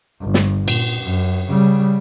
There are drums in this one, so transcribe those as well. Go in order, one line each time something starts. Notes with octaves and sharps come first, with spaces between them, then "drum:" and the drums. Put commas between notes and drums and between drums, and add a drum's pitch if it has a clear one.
G1
drum: snare
A#2, drum: cymbal
F#2
C#3 G3